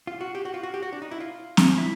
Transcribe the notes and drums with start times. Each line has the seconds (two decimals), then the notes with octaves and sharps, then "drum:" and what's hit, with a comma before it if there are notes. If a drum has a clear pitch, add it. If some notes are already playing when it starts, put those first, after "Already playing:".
0.07 F4
0.21 F#4
0.35 G4
0.45 F#4
0.54 F4
0.63 F#4
0.74 G4
0.82 F#4
0.92 D4
1.02 D#4
1.11 E4
1.20 F4
1.57 drum: snare C4
1.78 E4